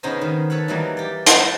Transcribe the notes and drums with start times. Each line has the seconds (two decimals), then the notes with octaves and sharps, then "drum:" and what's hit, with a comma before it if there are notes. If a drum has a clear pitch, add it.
0.03 C#3 B3 D#4 G#4 C5 A#5
0.21 D#3
0.50 A4 B4 C#5 F#5
0.68 E3 F#3 G3 A#3 D#4
0.97 G4 D5
1.26 drum: hi-hat
1.38 C5 F#5 G5 A5 A#5 C6